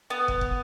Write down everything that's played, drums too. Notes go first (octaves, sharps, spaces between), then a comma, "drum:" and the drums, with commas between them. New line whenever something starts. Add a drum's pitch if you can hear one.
B3
drum: kick
drum: kick